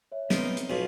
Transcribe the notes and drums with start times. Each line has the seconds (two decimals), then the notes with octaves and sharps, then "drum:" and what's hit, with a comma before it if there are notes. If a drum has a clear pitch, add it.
0.12 C#5 E5
0.30 B3 C4 D#4 A#4, drum: snare
0.57 drum: hi-hat
0.70 B1 B2 F4